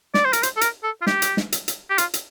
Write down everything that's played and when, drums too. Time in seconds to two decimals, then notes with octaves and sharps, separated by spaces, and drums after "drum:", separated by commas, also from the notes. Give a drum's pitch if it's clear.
0.14 D5, drum: snare
0.25 C5
0.33 A#4, drum: hi-hat
0.43 C5, drum: hi-hat
0.57 A4
0.61 A#4, drum: hi-hat
0.83 A4
1.02 F4
1.07 G4, drum: snare
1.22 drum: hi-hat
1.37 drum: snare
1.52 drum: hi-hat
1.68 drum: hi-hat
1.90 G4
1.98 F4, drum: hi-hat
2.14 drum: hi-hat